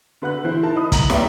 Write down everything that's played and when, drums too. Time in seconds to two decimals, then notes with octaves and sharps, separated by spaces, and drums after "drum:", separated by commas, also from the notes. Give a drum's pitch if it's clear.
0.22 D3 B4 F#5 F#6
0.45 E3 E4 G#4 C5
0.63 D#4 E4 A#4 A5
0.76 D#5 B5 D#6
0.92 A#5 F#7, drum: kick, hi-hat
1.10 B4 C#5 D5 E5 G5 A#5, drum: snare